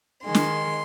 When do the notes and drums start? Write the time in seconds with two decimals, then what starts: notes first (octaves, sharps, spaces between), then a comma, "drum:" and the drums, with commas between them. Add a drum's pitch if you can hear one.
0.25 D#3 G#3 C6
0.35 drum: snare